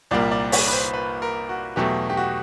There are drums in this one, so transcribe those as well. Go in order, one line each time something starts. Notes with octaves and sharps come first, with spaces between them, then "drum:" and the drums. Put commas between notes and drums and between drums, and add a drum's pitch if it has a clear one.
C2 A#2 G3 A#3 D5
D5
C#5, drum: open hi-hat
B4
C5
B4
A#4
F#4
E2 B2 F#3 A3 G4
G4
F#4